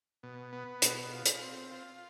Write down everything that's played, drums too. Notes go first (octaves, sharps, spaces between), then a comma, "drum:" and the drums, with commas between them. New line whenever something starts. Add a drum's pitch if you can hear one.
B2
B3
B2, drum: hi-hat
F4
drum: hi-hat
C4
F4